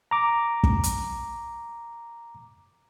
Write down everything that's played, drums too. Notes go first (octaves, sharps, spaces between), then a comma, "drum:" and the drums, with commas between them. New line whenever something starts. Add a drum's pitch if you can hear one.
A#5 D6
drum: kick
drum: hi-hat